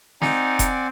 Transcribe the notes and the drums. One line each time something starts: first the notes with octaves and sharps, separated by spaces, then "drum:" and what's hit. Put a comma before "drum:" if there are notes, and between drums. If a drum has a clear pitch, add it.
C4 D#4 D5 F#5 G#5, drum: snare
drum: kick F1, hi-hat